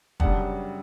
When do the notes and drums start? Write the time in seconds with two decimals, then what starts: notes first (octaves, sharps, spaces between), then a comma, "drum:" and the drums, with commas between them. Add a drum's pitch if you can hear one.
0.20 F#2 C#3 G3 D4 F#5 A5, drum: kick